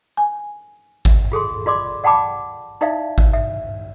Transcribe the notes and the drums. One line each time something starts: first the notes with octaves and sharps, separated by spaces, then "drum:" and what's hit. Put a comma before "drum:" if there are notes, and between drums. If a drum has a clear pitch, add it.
G#5
drum: kick G#1
F4 G#4 A4 C6
F4 D5 C6 D6
D5 F#5 G5 A5 B5 D6
D#4 E4 D5 E5 F5
drum: kick G#1
E5